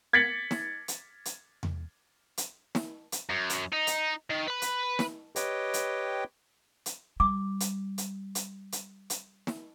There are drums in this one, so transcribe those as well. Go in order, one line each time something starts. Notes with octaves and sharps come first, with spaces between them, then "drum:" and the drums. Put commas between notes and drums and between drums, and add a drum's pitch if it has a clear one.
G#6 A6 B6 C#7 F#7
drum: snare
drum: hi-hat
drum: hi-hat
drum: tom E2
drum: hi-hat
drum: snare
drum: hi-hat
F#2
drum: hi-hat
D#4
drum: hi-hat
D#3
B4 B5
drum: hi-hat
drum: snare
G4 B4 C#5 D#5 G5, drum: hi-hat
drum: hi-hat
drum: hi-hat
G3 D6
drum: hi-hat
drum: hi-hat
drum: hi-hat
drum: hi-hat
drum: hi-hat
drum: snare